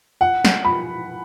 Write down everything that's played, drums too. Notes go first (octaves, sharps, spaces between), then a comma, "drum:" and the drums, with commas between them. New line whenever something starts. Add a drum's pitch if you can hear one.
F#5
drum: snare
B5